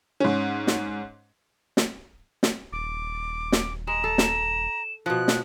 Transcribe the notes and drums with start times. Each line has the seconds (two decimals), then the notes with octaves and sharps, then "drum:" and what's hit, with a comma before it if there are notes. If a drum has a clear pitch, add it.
0.20 G#2 C#4
0.67 drum: snare
1.77 drum: snare
2.43 drum: snare
2.72 D#1 D6
3.52 drum: snare
3.87 G#3 A#5 E7
4.04 A4
4.18 drum: snare
5.06 B2 F3 F#6
5.28 drum: snare